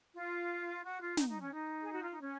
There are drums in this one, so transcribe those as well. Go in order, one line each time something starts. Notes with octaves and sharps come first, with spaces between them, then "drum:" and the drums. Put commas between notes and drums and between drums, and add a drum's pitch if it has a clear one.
F4
F#4
F4
D#4, drum: snare
D#4
C#4
D#4
G#4
F#4
F4
D#4
C#4